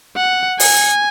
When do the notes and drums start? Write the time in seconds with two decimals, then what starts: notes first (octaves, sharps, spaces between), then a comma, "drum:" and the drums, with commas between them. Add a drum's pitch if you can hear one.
0.17 F#5
0.60 G#5, drum: open hi-hat